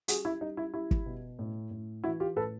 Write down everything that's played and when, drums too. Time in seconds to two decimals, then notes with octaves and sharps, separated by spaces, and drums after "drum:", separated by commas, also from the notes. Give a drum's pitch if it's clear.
0.08 G3 F#4 G#4, drum: hi-hat
0.25 E4
0.41 G3 D#4
0.57 E4
0.74 G3 E4
0.91 drum: kick
1.06 B2
1.39 A2
1.71 A2
2.03 E3 E4 F#4
2.20 F4 G4
2.36 A2 A4 B4